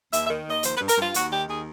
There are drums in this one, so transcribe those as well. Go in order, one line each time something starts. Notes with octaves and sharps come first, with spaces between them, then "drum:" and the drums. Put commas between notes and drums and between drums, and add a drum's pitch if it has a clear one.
D#2 E5, drum: hi-hat
E5
D#3
D#2 D#5
F3 C5, drum: hi-hat
B4
G2
A#4, drum: hi-hat
G2 F4
D#2 F#4, drum: hi-hat
D#3 G4
D#2 G#4